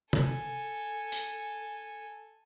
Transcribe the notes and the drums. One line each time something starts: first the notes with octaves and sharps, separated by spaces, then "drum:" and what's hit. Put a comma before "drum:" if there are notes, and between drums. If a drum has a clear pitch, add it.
A4 G#5, drum: tom C3
drum: hi-hat